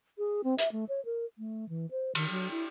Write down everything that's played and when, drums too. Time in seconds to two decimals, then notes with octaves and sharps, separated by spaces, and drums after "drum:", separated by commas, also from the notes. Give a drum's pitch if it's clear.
0.18 G#4
0.44 C4
0.59 E5, drum: hi-hat
0.72 A3
0.89 C#5
1.05 A#4
1.38 A3
1.69 E3
1.91 C5
2.15 D#3, drum: cymbal
2.30 F#3
2.51 E4